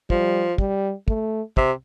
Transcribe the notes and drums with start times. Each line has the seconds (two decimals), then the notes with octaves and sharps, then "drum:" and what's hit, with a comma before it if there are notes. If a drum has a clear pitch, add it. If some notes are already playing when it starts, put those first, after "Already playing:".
0.10 F3 G3, drum: kick
0.58 G3, drum: kick
1.08 A3, drum: kick
1.57 C3, drum: kick